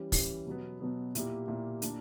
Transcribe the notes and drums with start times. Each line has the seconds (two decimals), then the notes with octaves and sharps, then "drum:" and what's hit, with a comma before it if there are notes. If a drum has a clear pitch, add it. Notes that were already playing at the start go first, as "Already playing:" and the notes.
Already playing: E3 G3 C#4 G4
0.12 E3 G3 C#4 G4, drum: kick, open hi-hat
0.46 B2 F#3 B3
0.80 B2 F#3 B3
1.15 A#2 A#3 E4 G4, drum: hi-hat
1.48 A#2 A#3 E4 G4
1.82 A#2 A#3 D4, drum: hi-hat